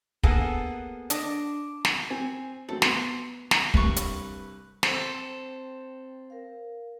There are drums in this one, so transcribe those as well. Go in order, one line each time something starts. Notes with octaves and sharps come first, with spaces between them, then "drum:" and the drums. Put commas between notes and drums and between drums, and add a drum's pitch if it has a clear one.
A#3 B3 G#4 A4, drum: kick
D4 D#5, drum: hi-hat
drum: snare
C4 G#5
F#3 A3 C4 A4
B3 C6, drum: snare
A#5, drum: snare
C2 G2 B4 C#6, drum: kick
drum: hi-hat
C4 A4, drum: snare
A#4 F5